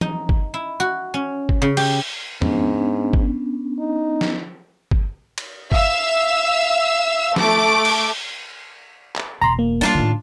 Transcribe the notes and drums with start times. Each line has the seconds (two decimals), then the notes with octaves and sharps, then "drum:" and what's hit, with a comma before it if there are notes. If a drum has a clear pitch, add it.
0.01 D#4, drum: tom E3
0.29 drum: kick G1
0.54 E4
0.80 F#4
1.14 C#4
1.49 drum: kick G1
1.62 C#3
1.77 G4, drum: cymbal
2.42 G#2 B3 C#4 D4, drum: tom
3.13 drum: kick G1
3.79 D#4
4.21 drum: snare
4.91 drum: kick G1
5.38 drum: cymbal
5.72 E5 F5 E6, drum: kick G1
7.36 A3 D6 D7, drum: snare
7.85 drum: cymbal
9.16 drum: clap
9.41 E1 A#5 C6
9.59 A#3
9.81 G3 D4 D#4 F4
9.95 A2 D#3